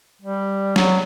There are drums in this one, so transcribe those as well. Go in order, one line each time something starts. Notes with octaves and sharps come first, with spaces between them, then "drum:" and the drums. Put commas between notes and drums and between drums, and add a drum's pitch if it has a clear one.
G3
F#3, drum: snare